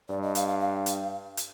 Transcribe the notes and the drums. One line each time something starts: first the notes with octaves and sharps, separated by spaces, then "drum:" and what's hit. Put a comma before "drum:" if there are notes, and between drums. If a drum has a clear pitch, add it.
G2 D5
D#5
F5, drum: hi-hat
F5
F5
drum: hi-hat
drum: hi-hat